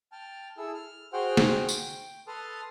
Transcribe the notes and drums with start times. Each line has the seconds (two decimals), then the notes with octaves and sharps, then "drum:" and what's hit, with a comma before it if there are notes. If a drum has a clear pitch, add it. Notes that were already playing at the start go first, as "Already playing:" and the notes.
0.12 G5 A5 F6
0.57 E4 G#4 A4 E6
0.74 F6
1.13 F#4 G#4 C5 F#5 G5 F6
1.37 drum: snare
1.69 G5, drum: tambourine
2.27 A4 B4 A5 C6 D#6 F6